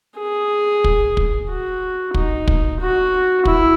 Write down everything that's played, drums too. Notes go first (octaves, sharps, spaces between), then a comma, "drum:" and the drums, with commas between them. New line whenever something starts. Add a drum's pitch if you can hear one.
G#4
drum: kick
drum: kick
F#4
D#4, drum: kick
drum: kick
F#4
E4, drum: kick